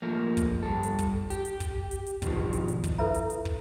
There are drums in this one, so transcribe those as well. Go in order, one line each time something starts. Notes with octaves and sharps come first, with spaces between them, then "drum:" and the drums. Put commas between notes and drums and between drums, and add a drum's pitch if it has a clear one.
F3 A3 A#3
drum: kick, hi-hat
G2 A4
drum: hi-hat
drum: kick, hi-hat
G4, drum: hi-hat
drum: hi-hat
drum: kick, hi-hat
drum: hi-hat
drum: hi-hat
G#2 B2 D#3 F3, drum: kick, hi-hat
drum: hi-hat
drum: hi-hat
drum: kick, hi-hat
E4 A4 B4 E5 A#5
drum: hi-hat
drum: hi-hat
drum: kick